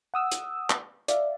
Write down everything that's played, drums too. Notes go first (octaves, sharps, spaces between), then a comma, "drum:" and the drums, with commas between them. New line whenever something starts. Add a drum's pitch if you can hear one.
F#5 D#6 E6
drum: hi-hat
drum: clap
D5 E5 F5, drum: hi-hat